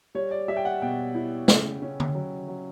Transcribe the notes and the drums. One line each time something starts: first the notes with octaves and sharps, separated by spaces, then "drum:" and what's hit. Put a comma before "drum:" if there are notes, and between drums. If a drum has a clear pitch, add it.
G3 C#5
D5
G3 E5
G5
F#5
B2 G5
E4
C#3, drum: snare
C#4
drum: tom D3
F#3
F#3